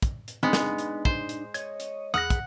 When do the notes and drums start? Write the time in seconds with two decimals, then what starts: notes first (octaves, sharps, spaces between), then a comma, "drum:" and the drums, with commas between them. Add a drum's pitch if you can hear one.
0.02 drum: kick, hi-hat
0.28 drum: hi-hat
0.43 G#3 B3 C4 D4 D#4
0.53 drum: snare
0.78 drum: hi-hat
1.05 C5, drum: kick
1.29 drum: hi-hat
1.54 C#5 D#5 G#6, drum: hi-hat
1.80 drum: hi-hat
2.14 E2 G#4 F#5 B5 D#6 F6 A#6
2.30 drum: kick, hi-hat